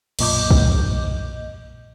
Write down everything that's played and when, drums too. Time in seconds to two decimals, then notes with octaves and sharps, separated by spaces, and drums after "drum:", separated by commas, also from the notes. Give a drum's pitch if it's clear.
0.19 B1 F#2 A#2 D#5 D6 G6, drum: cymbal
0.51 drum: kick